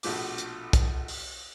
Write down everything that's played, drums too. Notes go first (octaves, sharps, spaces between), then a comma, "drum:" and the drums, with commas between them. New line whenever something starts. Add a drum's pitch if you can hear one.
A#1 B2 F3 A3 D6, drum: open hi-hat
drum: hi-hat
drum: kick, hi-hat
drum: open hi-hat